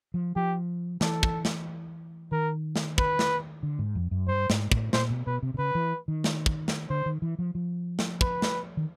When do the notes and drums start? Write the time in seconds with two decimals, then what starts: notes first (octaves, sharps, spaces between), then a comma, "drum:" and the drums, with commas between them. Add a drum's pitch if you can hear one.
0.14 F3
0.36 F3 G4
1.01 E3 A4, drum: snare
1.23 drum: kick
1.45 drum: snare
2.32 D#3 A#4
2.76 drum: snare
2.98 B4, drum: kick
3.19 drum: snare
3.63 D3
3.79 G#2
3.95 F2
4.11 F#2
4.28 G2 C5
4.50 G#2, drum: snare
4.72 A2, drum: kick
4.93 A#2 C5, drum: snare
5.10 B2
5.27 B2 B4
5.43 C3
5.54 C3
5.58 C#3 B4
5.75 E3
6.08 D#3
6.24 drum: snare
6.46 drum: kick
6.68 drum: snare
6.90 D3 C5
7.06 D#3
7.22 E3
7.39 F3
7.55 F3
7.99 drum: snare
8.21 B4, drum: kick
8.42 drum: snare
8.77 D#3